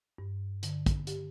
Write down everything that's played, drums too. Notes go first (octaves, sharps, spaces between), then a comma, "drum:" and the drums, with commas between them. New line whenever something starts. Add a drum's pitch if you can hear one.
G2
D3, drum: hi-hat
drum: kick, hi-hat
G4, drum: hi-hat